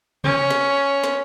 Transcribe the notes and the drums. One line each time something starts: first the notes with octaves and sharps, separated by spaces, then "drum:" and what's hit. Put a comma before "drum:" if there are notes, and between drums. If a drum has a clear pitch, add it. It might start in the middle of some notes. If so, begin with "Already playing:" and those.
C#4, drum: tom C3
drum: snare
drum: snare